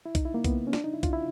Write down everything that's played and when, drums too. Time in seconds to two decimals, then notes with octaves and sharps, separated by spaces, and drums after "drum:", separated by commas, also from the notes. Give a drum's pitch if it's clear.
0.06 E4
0.15 D#4, drum: kick B1, hi-hat
0.25 E4
0.34 A#3
0.44 B3, drum: kick B1, hi-hat
0.67 C#4
0.73 D4, drum: snare
0.84 D#4
0.94 E4
1.03 F4, drum: kick B1, hi-hat
1.13 E4